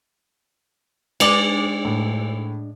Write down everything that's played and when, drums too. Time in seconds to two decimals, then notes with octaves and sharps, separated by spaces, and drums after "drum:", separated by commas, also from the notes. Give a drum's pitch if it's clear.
1.20 G#3 D4 B4 D5 D6, drum: cymbal
1.85 A2